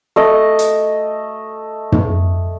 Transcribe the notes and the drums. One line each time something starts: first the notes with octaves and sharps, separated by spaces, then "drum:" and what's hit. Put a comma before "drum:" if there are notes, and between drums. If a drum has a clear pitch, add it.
A3 D#5
drum: hi-hat
drum: tom